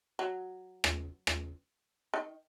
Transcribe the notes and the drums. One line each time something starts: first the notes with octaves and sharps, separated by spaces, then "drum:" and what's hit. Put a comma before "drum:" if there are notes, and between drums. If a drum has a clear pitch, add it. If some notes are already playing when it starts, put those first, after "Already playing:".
F#3
drum: rim click
drum: rim click
D#3